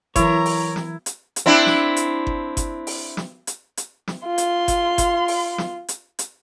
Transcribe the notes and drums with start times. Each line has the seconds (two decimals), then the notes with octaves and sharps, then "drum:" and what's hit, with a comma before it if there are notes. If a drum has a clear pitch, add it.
0.16 E3 F#3 E4 A#4 C#5 A#5, drum: kick G1, hi-hat
0.46 drum: open hi-hat
0.76 drum: snare
1.06 drum: hi-hat
1.36 drum: hi-hat
1.46 C4 D4 E4
1.66 drum: snare
1.96 drum: hi-hat
2.27 drum: kick G1
2.57 drum: kick G1, hi-hat
2.87 drum: open hi-hat
3.17 drum: snare
3.47 drum: hi-hat
3.77 drum: hi-hat
4.08 drum: snare
4.26 F4 C6
4.38 drum: hi-hat
4.68 drum: kick G1, hi-hat
4.98 drum: kick G1, hi-hat
5.28 drum: open hi-hat
5.58 drum: snare
5.88 drum: hi-hat
6.19 drum: hi-hat